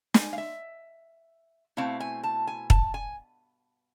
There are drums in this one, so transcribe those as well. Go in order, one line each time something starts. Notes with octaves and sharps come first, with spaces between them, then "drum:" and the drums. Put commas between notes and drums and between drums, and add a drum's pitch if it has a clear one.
G#5, drum: snare
F5
E5
B2 A3 C4 E4 F5
G#5
A5
G#5
A5, drum: kick
G#5